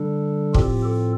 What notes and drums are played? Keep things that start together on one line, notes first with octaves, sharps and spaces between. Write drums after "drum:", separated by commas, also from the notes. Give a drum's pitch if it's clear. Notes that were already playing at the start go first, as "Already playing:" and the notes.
Already playing: D3 G3 D4 A4
A2 F3 C4 F4 G4, drum: kick
A4